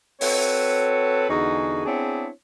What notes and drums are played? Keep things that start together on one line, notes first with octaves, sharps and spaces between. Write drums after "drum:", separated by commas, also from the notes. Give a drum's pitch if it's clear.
C4 F#4 A4 B4 C#5, drum: open hi-hat
E2 D3 D#4 F#4 G#4
B3 C4 D4 E4 G#4 C#5